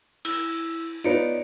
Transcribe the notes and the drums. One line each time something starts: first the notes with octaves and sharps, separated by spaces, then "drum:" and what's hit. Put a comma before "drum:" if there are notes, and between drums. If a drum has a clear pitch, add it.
E4, drum: cymbal
B3 D#4 F4 C#5 D5